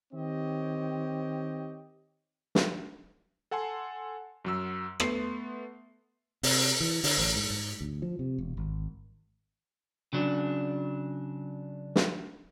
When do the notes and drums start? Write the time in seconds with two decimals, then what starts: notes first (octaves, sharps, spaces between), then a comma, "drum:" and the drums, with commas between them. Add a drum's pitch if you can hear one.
0.13 D#3 C4 G4 C#5 D#5
2.55 drum: snare
3.51 A4 F#5 G#5 A5 C6
4.45 F#2 F#3 E6
5.00 A3 B3 C6 C7, drum: rim click
6.43 C3, drum: open hi-hat
6.80 E3
7.04 D3, drum: open hi-hat
7.18 A1
7.36 G#2
7.50 G#2
7.81 D2
8.02 F3
8.19 C3
8.38 E1
8.57 G#1
10.13 C#3 F#3 D4
11.96 drum: snare